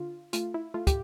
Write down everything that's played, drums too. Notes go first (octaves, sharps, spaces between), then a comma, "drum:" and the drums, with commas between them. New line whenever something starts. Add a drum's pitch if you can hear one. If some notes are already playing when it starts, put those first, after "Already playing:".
Already playing: D3 F4
A3 F4, drum: hi-hat
E4
A3 F4
G4, drum: kick, hi-hat